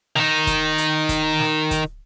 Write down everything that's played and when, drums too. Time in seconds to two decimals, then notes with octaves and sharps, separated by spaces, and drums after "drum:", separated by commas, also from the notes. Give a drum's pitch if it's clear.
0.16 D#3 D#4, drum: snare
0.47 drum: kick, hi-hat
0.78 drum: hi-hat
1.09 drum: kick, hi-hat
1.40 drum: snare
1.71 drum: kick, hi-hat